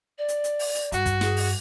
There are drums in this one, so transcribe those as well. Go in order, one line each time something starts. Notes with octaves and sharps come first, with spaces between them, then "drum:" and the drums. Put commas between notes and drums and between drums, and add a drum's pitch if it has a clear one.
D5
drum: hi-hat
drum: hi-hat
drum: open hi-hat
drum: hi-hat
G2 F#4, drum: hi-hat
drum: kick, hi-hat
G#4, drum: snare
drum: open hi-hat